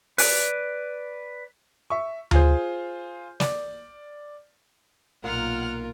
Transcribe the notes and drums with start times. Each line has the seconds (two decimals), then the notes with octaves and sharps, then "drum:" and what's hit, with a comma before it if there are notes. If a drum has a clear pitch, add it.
0.18 B4 D5, drum: open hi-hat
1.90 E5 C#6
2.31 F4 G#4 C5, drum: tom D2
3.40 D5, drum: snare
5.24 B1 A#2 A#3 F4 A#4 F#5 F6